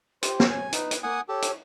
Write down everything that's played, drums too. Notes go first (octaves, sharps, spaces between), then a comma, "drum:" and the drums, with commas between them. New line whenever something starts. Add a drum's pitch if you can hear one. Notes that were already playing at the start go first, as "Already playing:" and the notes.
G4 C5, drum: hi-hat
drum: snare
C#5 G#5
D#4 B4, drum: hi-hat
drum: hi-hat
A#3 F#5 G#5 D#6
G4 A4 C#5
drum: hi-hat